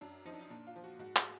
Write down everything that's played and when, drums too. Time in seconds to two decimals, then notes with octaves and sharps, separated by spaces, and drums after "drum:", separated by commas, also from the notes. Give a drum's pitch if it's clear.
0.01 F#2 D4
0.25 F3 D#4
0.33 D4
0.41 D#4
0.50 A#2 D4
0.67 F4
0.75 F3
0.84 F#4
0.99 G#2 F#4
1.16 G#4, drum: clap